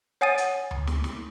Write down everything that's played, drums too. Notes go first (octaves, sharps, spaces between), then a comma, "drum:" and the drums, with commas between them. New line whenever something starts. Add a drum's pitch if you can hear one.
C#5 F#5 G#5 D#6 A6 D#7
drum: hi-hat
drum: tom D2
drum: snare
drum: snare